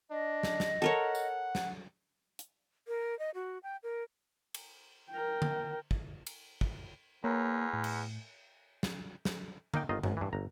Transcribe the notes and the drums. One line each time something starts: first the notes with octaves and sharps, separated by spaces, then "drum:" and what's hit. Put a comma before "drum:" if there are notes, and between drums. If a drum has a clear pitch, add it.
D4 D#5
drum: snare
drum: snare
A4 A#4 C#5 F#5
drum: tambourine
drum: snare
drum: hi-hat
A#4
D#5
F#4
G5
A#4
drum: cymbal
A#4 G5
drum: tom D3
drum: kick
drum: cymbal
drum: kick
E2 A#3 C#5 A#5
A2
drum: cymbal
drum: snare
drum: snare
A#3 D#4 G5, drum: tom D3
G1 D#3 F4 D#5
G#1 F#2, drum: tom G2
G2 E3
G1 A#5